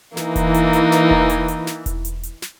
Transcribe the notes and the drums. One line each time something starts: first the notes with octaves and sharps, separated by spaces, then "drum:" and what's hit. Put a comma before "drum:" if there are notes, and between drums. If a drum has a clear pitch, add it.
E3 A#3 D#4, drum: snare
drum: kick E1, hi-hat
drum: hi-hat
drum: hi-hat
drum: snare
drum: kick E1
drum: hi-hat
drum: hi-hat
drum: snare
drum: kick E1, hi-hat
drum: hi-hat
drum: hi-hat
drum: snare